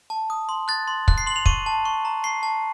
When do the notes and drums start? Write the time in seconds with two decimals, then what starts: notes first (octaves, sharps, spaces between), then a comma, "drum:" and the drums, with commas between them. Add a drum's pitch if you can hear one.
0.10 A5
0.30 D#6
0.49 C6
0.68 F#6 A6
0.88 C6
1.08 F#6, drum: kick
1.18 C7
1.27 C6 F#7
1.36 F7
1.46 C#6 D#7, drum: kick
1.66 A5
1.85 C#6
2.05 A#5
2.24 C#6 C7
2.43 A5